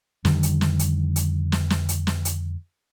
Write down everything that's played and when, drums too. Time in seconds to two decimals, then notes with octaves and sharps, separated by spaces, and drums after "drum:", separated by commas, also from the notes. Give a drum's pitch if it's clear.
0.25 F2 D3 D#3 G3, drum: snare
0.43 drum: hi-hat
0.61 drum: snare
0.79 drum: hi-hat
1.16 drum: hi-hat
1.52 drum: snare
1.70 drum: snare
1.89 drum: hi-hat
2.07 drum: snare
2.25 drum: hi-hat